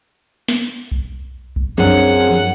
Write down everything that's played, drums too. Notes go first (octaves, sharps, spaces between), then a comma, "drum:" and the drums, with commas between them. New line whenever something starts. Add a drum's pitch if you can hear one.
drum: snare
drum: kick B1
drum: kick B1
F#2 F3 C4 D4 G#4 F#5